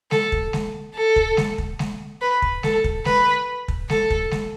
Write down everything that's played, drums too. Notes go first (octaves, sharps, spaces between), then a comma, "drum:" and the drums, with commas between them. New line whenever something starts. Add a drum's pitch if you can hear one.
A4, drum: snare G#3
drum: kick
drum: snare G#3
A4
drum: kick
drum: snare G#3
drum: kick
drum: snare G#3
B4
drum: kick
A4, drum: snare G#3
drum: kick
B4, drum: snare G#3
drum: kick
A4, drum: snare G#3
drum: kick
drum: snare G#3